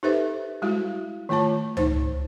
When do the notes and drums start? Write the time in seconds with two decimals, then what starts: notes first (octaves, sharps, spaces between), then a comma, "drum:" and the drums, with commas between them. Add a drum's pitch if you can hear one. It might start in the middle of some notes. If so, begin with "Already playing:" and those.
0.03 D#4 G4 A4 B4 C5 E5
0.62 G3 G#3 E4 F#4
1.29 D#3 A3 F4 C#5 A5
1.77 D#4 C5, drum: tom C#2